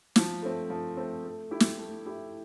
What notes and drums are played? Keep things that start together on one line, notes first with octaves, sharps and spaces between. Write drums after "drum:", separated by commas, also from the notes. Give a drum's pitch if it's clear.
F3, drum: snare
A3 C4
F3
A3 C4
A3
E4 G4
drum: snare
A3
E4 G4